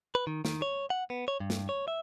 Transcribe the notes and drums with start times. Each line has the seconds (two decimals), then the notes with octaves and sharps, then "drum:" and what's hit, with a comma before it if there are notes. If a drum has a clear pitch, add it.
0.15 B4
0.27 D#3
0.45 D#3, drum: snare
0.62 C#5
0.90 F#5
1.10 B3
1.28 C#5
1.40 G2
1.50 drum: snare
1.69 C#5
1.88 E5